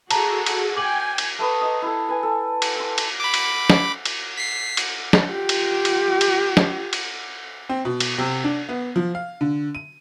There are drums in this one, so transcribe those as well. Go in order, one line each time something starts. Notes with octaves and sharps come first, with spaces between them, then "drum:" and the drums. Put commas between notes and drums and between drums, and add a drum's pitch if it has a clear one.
F#4 G#4 A4 A5 A#5, drum: cymbal
drum: cymbal
G5 G#5 D6 F#7
drum: cymbal
A3 B4 D#6
D#5 A#5
E4 A4
B4 G#5
A4
drum: cymbal
C6 E6
drum: cymbal
B5 D6
drum: cymbal
drum: snare
drum: cymbal
B6 C7
drum: cymbal
drum: snare
F4 G4
drum: cymbal
drum: cymbal
drum: cymbal
drum: snare
drum: cymbal
C4
B2
drum: cymbal
C3
D4
B3
F3
F5
D3
D#7